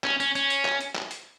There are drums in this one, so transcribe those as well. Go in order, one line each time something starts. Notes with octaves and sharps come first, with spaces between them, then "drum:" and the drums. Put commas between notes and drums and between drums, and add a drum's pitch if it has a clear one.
C#4, drum: clap
C#4, drum: hi-hat
C#4, drum: hi-hat
drum: hi-hat
drum: clap
drum: hi-hat
drum: clap
drum: hi-hat